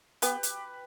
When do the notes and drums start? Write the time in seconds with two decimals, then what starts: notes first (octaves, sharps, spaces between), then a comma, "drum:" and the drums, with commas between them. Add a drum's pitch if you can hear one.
0.22 B3 G4 B4, drum: hi-hat
0.43 drum: hi-hat